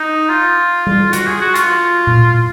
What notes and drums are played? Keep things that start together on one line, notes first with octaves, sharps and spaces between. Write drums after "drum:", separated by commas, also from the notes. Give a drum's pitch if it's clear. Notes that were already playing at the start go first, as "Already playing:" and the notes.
Already playing: D#4
F4
drum: tom G3
F#4, drum: hi-hat
G#4
F#4
F4, drum: hi-hat
drum: tom A#2